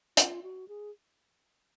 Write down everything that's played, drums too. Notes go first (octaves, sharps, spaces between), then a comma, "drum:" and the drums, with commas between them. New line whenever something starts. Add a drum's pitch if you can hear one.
F4, drum: hi-hat
F#4
G#4